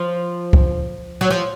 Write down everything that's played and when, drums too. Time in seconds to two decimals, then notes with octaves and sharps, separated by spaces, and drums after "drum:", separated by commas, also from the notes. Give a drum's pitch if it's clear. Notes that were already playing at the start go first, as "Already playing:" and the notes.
Already playing: F3
0.53 drum: kick C2
1.21 F#3
1.30 F3